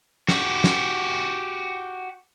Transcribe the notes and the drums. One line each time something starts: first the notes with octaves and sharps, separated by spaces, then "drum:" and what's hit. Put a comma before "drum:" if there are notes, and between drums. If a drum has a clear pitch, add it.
F#4 G4, drum: snare
drum: snare